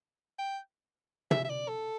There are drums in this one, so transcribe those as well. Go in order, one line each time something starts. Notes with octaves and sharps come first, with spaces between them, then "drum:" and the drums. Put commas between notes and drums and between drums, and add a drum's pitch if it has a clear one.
G5
E5, drum: tom
E5
D5
A4